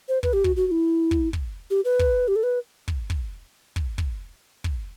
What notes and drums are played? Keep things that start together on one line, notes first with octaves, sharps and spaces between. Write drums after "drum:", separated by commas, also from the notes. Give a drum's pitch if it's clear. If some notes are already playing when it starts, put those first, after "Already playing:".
C5
B4, drum: kick
G4
F#4, drum: kick
F#4
F#4
E4
drum: kick
drum: kick
G4
B4
drum: kick
G4
A4
B4
drum: kick
drum: kick
drum: kick
drum: kick
drum: kick